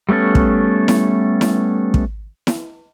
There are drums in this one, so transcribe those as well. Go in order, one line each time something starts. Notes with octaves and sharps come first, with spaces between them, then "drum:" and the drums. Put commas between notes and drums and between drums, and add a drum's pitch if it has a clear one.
G3 A3 B3 C#4 A4
drum: kick
drum: snare E4
drum: snare E4
drum: kick
drum: snare E4